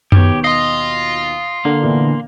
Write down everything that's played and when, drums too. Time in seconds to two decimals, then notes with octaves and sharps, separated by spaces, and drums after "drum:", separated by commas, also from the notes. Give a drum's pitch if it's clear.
0.12 D#2 B2 B3 G4 C#5, drum: tom F#2
0.44 D#5 F5 C6
1.65 D3 A#3
1.82 A#2 E3 B3